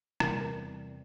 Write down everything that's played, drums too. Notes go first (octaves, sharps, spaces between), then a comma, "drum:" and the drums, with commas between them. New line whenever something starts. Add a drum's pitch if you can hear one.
E2 C3 G3 A#4, drum: rim click
A#4